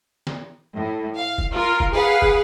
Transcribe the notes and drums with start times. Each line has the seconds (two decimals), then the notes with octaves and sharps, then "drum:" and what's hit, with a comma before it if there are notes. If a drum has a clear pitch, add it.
0.27 drum: snare
0.75 A2
1.16 F5
1.38 drum: kick
1.52 F4 A#4
1.80 drum: kick
1.92 G#4 B4 F5 F#5
2.22 drum: kick